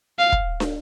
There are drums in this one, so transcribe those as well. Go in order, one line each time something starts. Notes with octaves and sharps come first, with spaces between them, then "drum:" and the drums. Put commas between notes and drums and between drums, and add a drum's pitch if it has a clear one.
F5
drum: kick
drum: snare